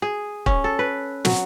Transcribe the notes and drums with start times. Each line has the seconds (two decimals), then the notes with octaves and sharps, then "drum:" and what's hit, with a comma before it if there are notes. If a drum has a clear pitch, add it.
0.02 G#4
0.46 C#4, drum: kick
0.64 A4
0.79 B4
1.25 F#3, drum: snare